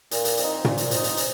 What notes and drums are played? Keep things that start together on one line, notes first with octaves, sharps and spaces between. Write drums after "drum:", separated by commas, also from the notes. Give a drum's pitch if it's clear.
A#2, drum: hi-hat
drum: hi-hat
F3 C4 D#4, drum: hi-hat
A#2, drum: tom
drum: hi-hat
F3 C4 D#4, drum: hi-hat
drum: hi-hat
drum: hi-hat